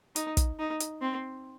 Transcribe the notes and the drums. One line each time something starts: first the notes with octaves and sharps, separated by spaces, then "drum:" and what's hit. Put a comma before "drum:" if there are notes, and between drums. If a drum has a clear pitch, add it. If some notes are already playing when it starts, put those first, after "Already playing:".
D#4, drum: hi-hat
drum: kick, hi-hat
D#4
drum: hi-hat
C4